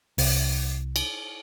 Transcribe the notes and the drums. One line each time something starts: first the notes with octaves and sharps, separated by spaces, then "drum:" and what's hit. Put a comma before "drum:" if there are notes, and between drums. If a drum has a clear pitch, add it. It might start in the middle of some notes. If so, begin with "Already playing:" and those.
C2, drum: open hi-hat
drum: cymbal